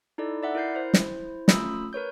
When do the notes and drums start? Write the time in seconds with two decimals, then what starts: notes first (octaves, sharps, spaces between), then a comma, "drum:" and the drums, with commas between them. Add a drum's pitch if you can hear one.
0.18 D#4 E4 A4 D5
0.43 D5 E5 F#5
0.55 E4 A#4 G6 C7
0.75 E4 C5
0.94 drum: snare
1.48 A3 C#4 F4 B5 D#6 E6, drum: snare
1.93 A#4 B4 C#5 G6